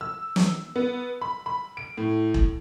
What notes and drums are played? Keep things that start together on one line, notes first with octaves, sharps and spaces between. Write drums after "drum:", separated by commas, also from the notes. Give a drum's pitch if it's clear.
E6
drum: snare
B3
B5
B5
D7
A2
drum: kick E1